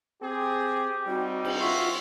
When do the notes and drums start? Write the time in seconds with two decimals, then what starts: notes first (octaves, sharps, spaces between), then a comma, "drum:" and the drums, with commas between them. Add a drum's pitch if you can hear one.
0.22 C4 G4 G#4
1.07 G3 C4 D#4 F#4
1.45 drum: cymbal
1.60 F4 F#4 E5 C6